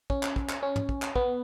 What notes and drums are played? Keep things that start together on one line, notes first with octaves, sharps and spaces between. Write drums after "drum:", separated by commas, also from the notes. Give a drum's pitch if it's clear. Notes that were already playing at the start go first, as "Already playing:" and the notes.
C#4, drum: kick
drum: clap
drum: kick
drum: clap
C#4
drum: tom
drum: kick
drum: clap
B3, drum: kick